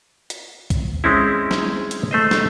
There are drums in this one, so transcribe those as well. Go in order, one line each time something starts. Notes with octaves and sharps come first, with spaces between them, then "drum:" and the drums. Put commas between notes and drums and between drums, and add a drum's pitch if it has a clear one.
drum: hi-hat
drum: kick B1, hi-hat
G#3 C4 C#4 E4
drum: snare
drum: hi-hat
A3 C5 D#5
drum: snare